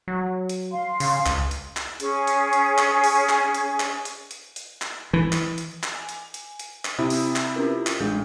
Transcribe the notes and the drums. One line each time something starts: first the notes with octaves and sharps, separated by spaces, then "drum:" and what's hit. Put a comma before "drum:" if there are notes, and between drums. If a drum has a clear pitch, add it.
F#3
drum: hi-hat
F5 C6
C#3, drum: open hi-hat
C#2, drum: clap
drum: hi-hat
drum: clap
C#4 G#4, drum: hi-hat
drum: hi-hat
drum: hi-hat
drum: clap
drum: open hi-hat
drum: clap
drum: hi-hat
drum: clap
drum: hi-hat
drum: hi-hat
drum: hi-hat
drum: clap
E3
drum: clap
drum: hi-hat
drum: clap
G#5
drum: hi-hat
drum: hi-hat
drum: hi-hat
drum: clap
C3 E4 D#6
drum: open hi-hat
drum: clap
C#4 F4 A#4
drum: clap
A1 G#3 G#4 G6